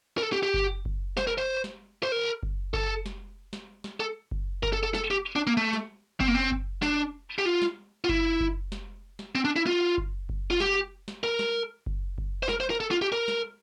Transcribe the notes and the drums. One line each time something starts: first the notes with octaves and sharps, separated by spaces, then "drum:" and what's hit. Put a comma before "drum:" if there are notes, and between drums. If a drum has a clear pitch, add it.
A#4
A4
G4
G4
drum: kick F#1
drum: kick F#1
C5, drum: snare
A#4
C5
drum: snare
C5
A#4
drum: kick F#1
A4, drum: kick F#1
drum: snare
drum: snare
drum: snare
A4
drum: kick F#1
A#4, drum: kick F#1
A4
A4
A4, drum: snare
G4
D4
A#3
A3
drum: snare
C4, drum: kick F#1
A#3
C4
drum: kick F#1
D4, drum: snare
G4
F4
drum: snare
F4
E4, drum: kick F#1
drum: kick F#1
drum: snare
drum: snare
C4
D4
E4
F4
drum: kick F#1
drum: kick F#1
F4
G4, drum: snare
drum: snare
A#4
drum: snare
drum: kick F#1
drum: kick F#1
C5
A#4, drum: snare
C5
A#4
A4
F4
G4
A#4
drum: snare